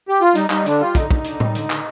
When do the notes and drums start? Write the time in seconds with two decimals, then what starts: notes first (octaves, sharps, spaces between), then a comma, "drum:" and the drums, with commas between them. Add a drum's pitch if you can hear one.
0.09 G4
0.21 F4
0.35 G3 D#4, drum: hi-hat
0.50 G3 D#4, drum: clap
0.66 D3 D4, drum: hi-hat
0.80 G3 F4
0.95 D3 D#4, drum: kick, hi-hat
1.11 D3, drum: kick
1.24 D3, drum: hi-hat
1.40 G3, drum: tom A2
1.55 D3, drum: hi-hat
1.70 D3, drum: clap